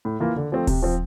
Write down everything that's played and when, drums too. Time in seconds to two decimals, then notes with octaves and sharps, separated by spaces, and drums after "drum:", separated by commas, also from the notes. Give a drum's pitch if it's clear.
0.05 A2
0.20 E3 A#3 F4 A#4
0.36 D3
0.52 F3 A3 C4
0.67 C3, drum: kick D#1, open hi-hat
0.82 F3 C4